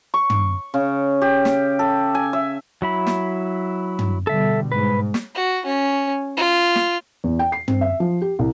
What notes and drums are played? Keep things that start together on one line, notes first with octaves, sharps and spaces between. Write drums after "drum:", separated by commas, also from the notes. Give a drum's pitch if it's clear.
C#6
drum: tom
C#3
G4
drum: snare
A4
G#5
E5
F#3 E4 B5
drum: snare
drum: tom
B2 D3 G3 A4 E5
G#2 B4
drum: snare
F#4
C#4
F4
drum: snare
E2
G5
C7
C4, drum: tom
E5
F3
G4
C2